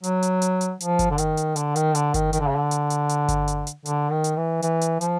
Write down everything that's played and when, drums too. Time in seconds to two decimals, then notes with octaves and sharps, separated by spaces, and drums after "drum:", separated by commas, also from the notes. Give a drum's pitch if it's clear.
0.03 F#3, drum: hi-hat
0.22 drum: hi-hat
0.42 drum: hi-hat
0.61 drum: hi-hat
0.80 F3, drum: hi-hat
0.99 drum: kick G1, hi-hat
1.11 D3
1.18 D#3, drum: hi-hat
1.37 drum: hi-hat
1.56 D3, drum: hi-hat
1.76 D#3, drum: hi-hat
1.95 D3, drum: hi-hat
2.14 D#3, drum: kick G1, hi-hat
2.33 D#3, drum: hi-hat
2.40 D3
2.49 C#3
2.56 D3
2.71 drum: hi-hat
2.90 drum: hi-hat
3.09 drum: hi-hat
3.28 drum: kick G1, hi-hat
3.48 drum: hi-hat
3.67 drum: hi-hat
3.86 D3, drum: hi-hat
4.11 D#3
4.24 drum: hi-hat
4.37 E3
4.62 E3, drum: hi-hat
4.81 drum: hi-hat
5.01 F3, drum: hi-hat